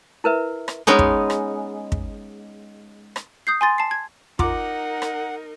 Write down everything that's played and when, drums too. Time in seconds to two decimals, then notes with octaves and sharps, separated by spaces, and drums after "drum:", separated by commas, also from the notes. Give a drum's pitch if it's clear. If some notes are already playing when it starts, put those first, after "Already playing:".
0.24 E4 A#4 B4 E5
0.68 drum: rim click
0.87 G#3 B3 C#4 D#4
0.99 drum: kick
1.30 drum: rim click
1.92 drum: kick
3.16 drum: rim click
3.47 D#6 G6 C7
3.61 G#5 C6 A6
3.78 A5 C7
3.91 G#6
4.39 D#4 F4 A#4 F#5 A#5 D6, drum: kick
5.02 drum: rim click